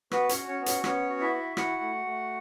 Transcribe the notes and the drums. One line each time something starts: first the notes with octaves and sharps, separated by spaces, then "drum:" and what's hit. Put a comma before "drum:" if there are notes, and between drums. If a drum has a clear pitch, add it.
B3 F#4 B4, drum: rim click
C#4 C#5, drum: hi-hat
F#4
C#4 C#5
B3
C#4 C#5, drum: hi-hat
B3 C#4 C#5, drum: rim click
F#4
E4 E5
F#4
E4 F#4 F#5, drum: rim click
A3
A3